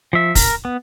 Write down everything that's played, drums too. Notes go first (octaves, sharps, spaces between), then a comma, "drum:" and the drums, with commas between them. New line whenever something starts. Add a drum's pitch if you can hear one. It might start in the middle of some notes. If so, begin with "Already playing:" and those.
F3 E5
A#4, drum: kick, open hi-hat
B3